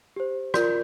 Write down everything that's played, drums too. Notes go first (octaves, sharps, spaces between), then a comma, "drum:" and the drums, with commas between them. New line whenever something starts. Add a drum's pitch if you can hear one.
G4 C5
F4 A#4 D5 G6, drum: rim click